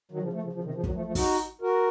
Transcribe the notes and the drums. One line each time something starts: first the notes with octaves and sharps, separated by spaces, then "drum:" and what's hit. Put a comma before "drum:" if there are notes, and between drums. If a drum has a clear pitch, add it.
D#3 F#3
C#3 F3
F3 A3
C#3 F3
C#3 F3
C3 D#3
C#3 F3
D#3 F#3, drum: kick
F3 A3
F3 A3
D#4 F#4, drum: kick, open hi-hat
F#4 A#4